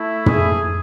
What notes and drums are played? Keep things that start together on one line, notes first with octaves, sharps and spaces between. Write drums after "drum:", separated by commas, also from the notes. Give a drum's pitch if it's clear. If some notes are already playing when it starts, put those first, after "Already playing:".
Already playing: A3 E4
G#4, drum: tom